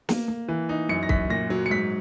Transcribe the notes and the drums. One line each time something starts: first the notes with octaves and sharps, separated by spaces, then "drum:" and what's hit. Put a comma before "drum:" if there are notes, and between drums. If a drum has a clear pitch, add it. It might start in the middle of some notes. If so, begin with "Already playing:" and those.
A#3, drum: snare
A#3
E3
D#4
F#2 C#7
A#6
F#2 B6, drum: kick
A#2 A#6
F#3
C#7
G#2 B6